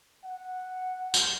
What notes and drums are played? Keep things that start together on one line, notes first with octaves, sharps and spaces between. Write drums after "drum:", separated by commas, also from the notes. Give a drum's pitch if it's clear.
F#5
drum: tambourine